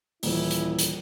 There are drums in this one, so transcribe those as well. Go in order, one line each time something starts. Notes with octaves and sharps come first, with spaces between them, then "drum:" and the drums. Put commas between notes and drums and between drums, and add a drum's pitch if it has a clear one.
D#1 E3 E4, drum: open hi-hat
drum: hi-hat
drum: hi-hat